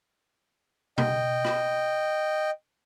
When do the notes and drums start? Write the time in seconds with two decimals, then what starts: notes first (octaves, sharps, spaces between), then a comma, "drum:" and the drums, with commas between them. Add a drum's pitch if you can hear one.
0.98 D#5 G5, drum: tom B2
1.45 drum: rim click